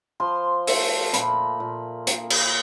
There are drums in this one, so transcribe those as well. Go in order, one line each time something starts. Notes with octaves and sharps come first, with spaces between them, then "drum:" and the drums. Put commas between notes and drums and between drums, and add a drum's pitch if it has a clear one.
F3 C6
A3, drum: open hi-hat
A#2 B5, drum: hi-hat
A#2
A#2, drum: hi-hat
drum: cymbal